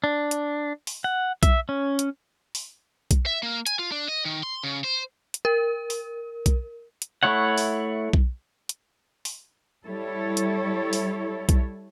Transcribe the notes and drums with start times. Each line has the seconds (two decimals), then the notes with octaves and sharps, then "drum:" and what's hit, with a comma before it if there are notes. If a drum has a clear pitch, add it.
0.04 D4
0.31 drum: hi-hat
0.87 drum: open hi-hat
1.04 F#5
1.43 E5, drum: kick B1, hi-hat
1.69 C#4
1.99 drum: hi-hat
2.55 drum: open hi-hat
3.11 drum: kick B1, hi-hat
3.26 E5
3.43 A#3
3.67 G#5, drum: hi-hat
3.79 F4
3.92 D4
4.09 D#5
4.25 D#3
4.43 C6
4.63 C#3
4.84 C5
5.34 drum: hi-hat
5.45 A#4
5.90 drum: open hi-hat
6.46 drum: kick B1, hi-hat
7.02 drum: hi-hat
7.23 A3 E4 C#5 F#5
7.58 drum: open hi-hat
8.13 drum: kick B1
8.69 drum: hi-hat
9.25 drum: open hi-hat
9.86 G3 E4 A4 C#5
10.37 drum: hi-hat
10.93 drum: open hi-hat
11.49 drum: kick B1, hi-hat